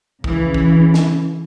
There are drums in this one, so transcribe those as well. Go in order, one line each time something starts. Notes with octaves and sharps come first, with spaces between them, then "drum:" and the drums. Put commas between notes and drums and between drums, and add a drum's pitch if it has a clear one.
C#3 E3, drum: kick
drum: kick
drum: snare